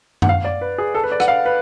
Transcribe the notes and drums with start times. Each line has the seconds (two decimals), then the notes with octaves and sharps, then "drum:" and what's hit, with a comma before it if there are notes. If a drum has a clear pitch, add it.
0.22 F#5, drum: tom F#2
0.29 F5
0.44 D5
0.61 B4
0.78 G#4
0.95 A4
1.03 B4
1.12 D5
1.20 F#5, drum: rim click
1.28 F5
1.46 B4